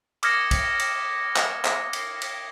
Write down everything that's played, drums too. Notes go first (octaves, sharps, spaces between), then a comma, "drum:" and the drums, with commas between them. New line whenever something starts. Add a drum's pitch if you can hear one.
D6 D#6 F6 G#6 A#6 C#7, drum: cymbal
drum: kick, cymbal
drum: cymbal
drum: clap
drum: clap
drum: cymbal
drum: cymbal